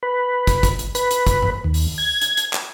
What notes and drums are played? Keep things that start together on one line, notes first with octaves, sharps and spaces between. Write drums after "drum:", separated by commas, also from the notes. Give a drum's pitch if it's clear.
B4
drum: kick, hi-hat
drum: kick, hi-hat
drum: hi-hat
B4, drum: hi-hat
drum: hi-hat
drum: kick, hi-hat
drum: tom G2
D#2
drum: open hi-hat
G#6
drum: hi-hat
drum: hi-hat
drum: clap